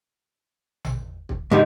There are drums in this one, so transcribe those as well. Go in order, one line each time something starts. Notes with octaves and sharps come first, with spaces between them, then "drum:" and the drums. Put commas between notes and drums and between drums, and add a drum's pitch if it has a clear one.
drum: tom A1
drum: kick
C#2 G#2 G3 D#4